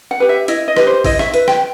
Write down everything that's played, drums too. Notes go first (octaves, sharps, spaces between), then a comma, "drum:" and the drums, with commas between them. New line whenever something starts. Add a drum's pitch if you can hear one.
F#5
G4 B4
E5
E4 D#5, drum: hi-hat
D#5
G4 B4, drum: rim click
C5
E4 D#5, drum: kick G#1, open hi-hat
E5, drum: rim click
B4 E5, drum: hi-hat
G5, drum: rim click